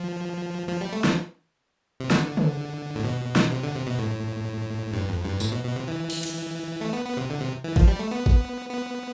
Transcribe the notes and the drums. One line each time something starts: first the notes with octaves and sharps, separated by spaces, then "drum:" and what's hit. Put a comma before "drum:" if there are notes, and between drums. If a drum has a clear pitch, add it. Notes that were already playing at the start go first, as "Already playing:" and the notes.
Already playing: F3
F3
G3
A3
F3, drum: snare
C3
D3, drum: snare
drum: tom C#3
A2
B2
drum: snare
C3
D3
C3
B2
A2
G2
F2
G2
A2, drum: tambourine
B2
B2
C3
E3
drum: open hi-hat
drum: cymbal
A3
B3
B3
C3
D3
C3
E3
F3, drum: kick G#1
G3
A3
B3
drum: kick G#1
B3